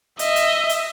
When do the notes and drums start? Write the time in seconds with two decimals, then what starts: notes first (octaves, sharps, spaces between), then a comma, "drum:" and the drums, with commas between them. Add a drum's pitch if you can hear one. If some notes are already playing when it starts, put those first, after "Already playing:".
0.19 D#5 E5, drum: hi-hat
0.36 drum: hi-hat
0.69 drum: hi-hat